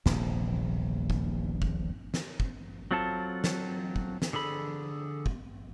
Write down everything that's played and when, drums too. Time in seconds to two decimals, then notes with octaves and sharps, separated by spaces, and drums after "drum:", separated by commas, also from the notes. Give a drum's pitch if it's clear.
0.06 D#1 A#1 E2 C3, drum: snare
1.10 drum: kick
1.62 drum: kick
2.14 drum: snare
2.40 drum: kick
2.91 F#3 C4 F4 A4 A5
3.44 drum: snare
3.96 drum: kick
4.22 drum: snare
4.33 D3 G#4 A4 B5
5.26 drum: kick